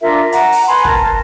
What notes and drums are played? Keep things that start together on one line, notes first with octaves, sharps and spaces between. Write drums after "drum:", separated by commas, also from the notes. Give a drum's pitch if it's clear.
D4 F4 A#4 E5
F#5 A#5, drum: hi-hat
drum: open hi-hat
B4 G#5 B5 C6
A#4 A5, drum: kick